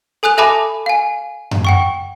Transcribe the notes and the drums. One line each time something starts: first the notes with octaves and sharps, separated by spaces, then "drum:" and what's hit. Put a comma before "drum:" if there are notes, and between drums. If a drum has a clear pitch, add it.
A4 G#5 D#6 F#6 F7
A4 E5 G#5 A5 B5 D6
F5 G#5
drum: tom F#2
F#5 G5 C#6